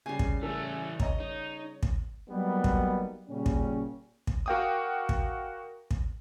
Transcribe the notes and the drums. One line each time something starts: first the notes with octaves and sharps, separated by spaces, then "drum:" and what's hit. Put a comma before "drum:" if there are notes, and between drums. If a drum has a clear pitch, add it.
C#3 G3 G#5 C7
drum: kick
E3 A3 A4 G#5
C#5 D#5 A#5, drum: kick
D#4
drum: kick
F#3 G3 A#3 B3 D#4
drum: kick
A#2 C#3 G3 C#4
drum: kick
drum: kick
F#4 A#4 F5 G5 D6 D#6
drum: kick
drum: kick